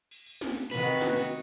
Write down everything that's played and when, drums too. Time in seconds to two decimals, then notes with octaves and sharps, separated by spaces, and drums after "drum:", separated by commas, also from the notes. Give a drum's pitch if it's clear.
0.11 drum: cymbal
0.26 drum: cymbal
0.41 drum: snare
0.56 drum: cymbal
0.71 C3 D#3 F#4 B4, drum: cymbal
0.86 drum: cymbal
1.01 drum: snare
1.16 drum: cymbal